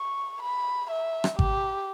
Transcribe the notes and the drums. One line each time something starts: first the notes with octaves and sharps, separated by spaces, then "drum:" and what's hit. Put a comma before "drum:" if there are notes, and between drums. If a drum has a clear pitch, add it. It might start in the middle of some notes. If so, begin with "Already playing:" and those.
Already playing: C#6
B5
E5
drum: rim click
G4, drum: kick G#1